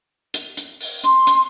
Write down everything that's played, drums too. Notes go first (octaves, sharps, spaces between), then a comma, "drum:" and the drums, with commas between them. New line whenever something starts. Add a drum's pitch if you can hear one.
drum: hi-hat
drum: hi-hat
drum: open hi-hat
C6, drum: hi-hat
drum: hi-hat